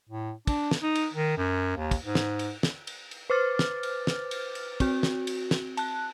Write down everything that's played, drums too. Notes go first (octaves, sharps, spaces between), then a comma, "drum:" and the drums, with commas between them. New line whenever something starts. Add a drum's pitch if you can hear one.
A2
D4, drum: kick, cymbal
drum: snare
D#4
drum: cymbal
D#3
F#2
D#2
drum: kick, cymbal
G#2
drum: snare
drum: cymbal
drum: snare
drum: cymbal
drum: cymbal
B4 C5 D6 F6 A6
drum: snare
drum: cymbal
drum: snare
drum: cymbal
drum: cymbal
C4 F#4, drum: kick, cymbal
drum: snare
drum: cymbal
drum: snare
A5 F#6, drum: cymbal